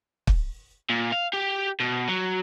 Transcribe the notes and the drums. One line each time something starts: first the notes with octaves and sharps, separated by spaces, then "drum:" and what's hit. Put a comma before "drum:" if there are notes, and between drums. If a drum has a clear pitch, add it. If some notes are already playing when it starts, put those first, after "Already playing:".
drum: kick
A#2
F5
G4
B2
F#3